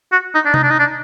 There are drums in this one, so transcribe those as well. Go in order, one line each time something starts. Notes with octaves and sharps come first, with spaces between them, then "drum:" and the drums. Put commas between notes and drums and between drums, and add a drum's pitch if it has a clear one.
F#4
D#4
D4
D#4, drum: tom C3
D4
D#4
D4